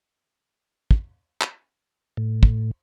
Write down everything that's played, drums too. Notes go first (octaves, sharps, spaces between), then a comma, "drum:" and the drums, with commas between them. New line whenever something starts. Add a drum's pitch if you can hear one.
drum: kick
drum: clap
A2
drum: kick